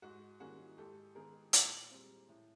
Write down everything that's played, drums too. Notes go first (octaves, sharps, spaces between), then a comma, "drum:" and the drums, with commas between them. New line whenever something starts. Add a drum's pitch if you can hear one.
G#2 F#4
D#3 G3 A#3 C#4 F#4 G#4
G#2 G4 A4
D#3 G#3 B3 D#4 G#4 A#4
A#2, drum: hi-hat
G3 C4
A2